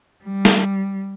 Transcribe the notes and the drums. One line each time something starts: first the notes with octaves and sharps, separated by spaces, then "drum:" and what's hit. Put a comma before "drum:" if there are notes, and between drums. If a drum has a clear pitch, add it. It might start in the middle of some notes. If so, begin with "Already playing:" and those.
G3
drum: snare